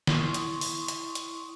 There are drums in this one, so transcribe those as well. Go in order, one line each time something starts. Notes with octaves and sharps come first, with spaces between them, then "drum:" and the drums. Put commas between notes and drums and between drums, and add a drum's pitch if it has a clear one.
E4 C6 C#6 D#6, drum: snare
drum: hi-hat
drum: open hi-hat
drum: hi-hat
drum: hi-hat